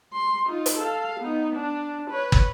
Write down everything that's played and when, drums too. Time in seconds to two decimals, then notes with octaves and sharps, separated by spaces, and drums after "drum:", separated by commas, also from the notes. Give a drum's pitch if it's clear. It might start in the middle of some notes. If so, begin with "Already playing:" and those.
0.13 C6
0.46 D#4 F4
0.66 drum: hi-hat
0.77 A4 F5
1.20 B3 D#4
1.56 D4
2.10 B4 C#5
2.32 drum: kick